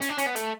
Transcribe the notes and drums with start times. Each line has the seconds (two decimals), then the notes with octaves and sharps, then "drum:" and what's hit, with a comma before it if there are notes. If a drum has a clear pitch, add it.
0.02 C#4, drum: hi-hat
0.10 D4
0.18 C#4, drum: hi-hat
0.27 B3
0.36 A3, drum: hi-hat